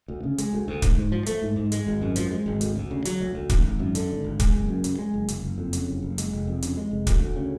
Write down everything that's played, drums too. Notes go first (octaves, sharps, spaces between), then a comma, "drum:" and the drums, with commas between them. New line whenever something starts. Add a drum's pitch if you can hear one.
D2
C#3
G#3, drum: hi-hat
D2
D2
G#2, drum: kick, hi-hat
G#2
F3
A3, drum: hi-hat
G#2
G#2
G#3, drum: hi-hat
G#1
F#2
F3, drum: hi-hat
G#3
G#1
D2, drum: hi-hat
D2
C#3
F#3, drum: hi-hat
D2
D2
G#1, drum: kick, hi-hat
G#1
F#2
D3, drum: hi-hat
G#1
G#1
G#3, drum: kick, hi-hat
F#1
F#2
C#3, drum: hi-hat
G#3
F#1
F#1, drum: hi-hat
F#1
F2
C#3, drum: hi-hat
F#1
F#1
G#3, drum: hi-hat
F1
F2
C#3, drum: hi-hat
G#3
F1
D2, drum: kick, hi-hat
D2
C#3